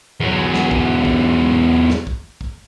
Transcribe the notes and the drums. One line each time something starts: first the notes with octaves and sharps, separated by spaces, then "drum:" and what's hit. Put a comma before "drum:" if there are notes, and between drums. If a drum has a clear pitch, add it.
E2 F#3
drum: snare
drum: kick
drum: kick
drum: snare
drum: kick
drum: kick